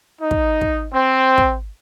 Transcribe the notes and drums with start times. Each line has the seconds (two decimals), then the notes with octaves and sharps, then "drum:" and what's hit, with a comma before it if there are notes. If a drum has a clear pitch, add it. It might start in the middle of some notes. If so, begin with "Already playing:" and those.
0.20 D#4
0.31 drum: kick
0.61 drum: kick
0.92 C4
1.38 drum: kick